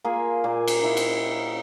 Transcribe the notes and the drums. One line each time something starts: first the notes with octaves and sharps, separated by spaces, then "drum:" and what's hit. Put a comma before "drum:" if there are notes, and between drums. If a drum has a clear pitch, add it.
A#3 F4 G#4
A#2 G#5 D6
drum: cymbal
D#4 E4
drum: cymbal